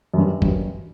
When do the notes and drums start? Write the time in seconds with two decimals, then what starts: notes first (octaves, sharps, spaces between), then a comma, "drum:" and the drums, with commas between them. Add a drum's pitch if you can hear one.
0.14 F#2
0.18 G2
0.42 G2, drum: kick
0.47 F#2